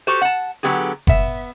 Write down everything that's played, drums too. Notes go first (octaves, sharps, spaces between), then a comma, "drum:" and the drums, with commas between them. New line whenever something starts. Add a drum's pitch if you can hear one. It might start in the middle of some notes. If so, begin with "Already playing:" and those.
F#4 G4 A4 C5
F#5 A5
D3 F#3 B3 G4 G#4
B3 E5, drum: kick F#1